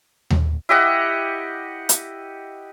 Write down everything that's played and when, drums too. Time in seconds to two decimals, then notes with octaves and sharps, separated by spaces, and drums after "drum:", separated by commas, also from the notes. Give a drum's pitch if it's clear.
0.30 drum: tom D#2
0.69 E4 G4 D#5 F#5
1.89 drum: hi-hat